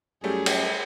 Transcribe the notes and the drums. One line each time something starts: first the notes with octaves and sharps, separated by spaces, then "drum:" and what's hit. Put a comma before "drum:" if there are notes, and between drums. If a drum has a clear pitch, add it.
F#2 G3 A3 E4 G4 G#4 C#5
drum: cymbal